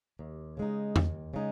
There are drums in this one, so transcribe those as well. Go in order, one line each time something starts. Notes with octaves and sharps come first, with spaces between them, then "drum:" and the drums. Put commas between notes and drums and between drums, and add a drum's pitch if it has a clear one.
D#2
C#3 G#3 D#4
D#2, drum: tom E2
C#3 G#3 D#4